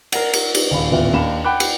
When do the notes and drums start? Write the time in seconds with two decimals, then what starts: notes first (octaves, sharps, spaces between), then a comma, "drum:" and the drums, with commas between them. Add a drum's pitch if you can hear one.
0.12 A#4 F#5, drum: cymbal
0.33 drum: cymbal
0.55 drum: cymbal
0.71 D#1 F5 B5
0.91 D#1 A1 B3 E4 F4
1.13 D#2 D4 F5 B5 E7
1.45 F#5 G5 B5 D6 F#6
1.60 drum: cymbal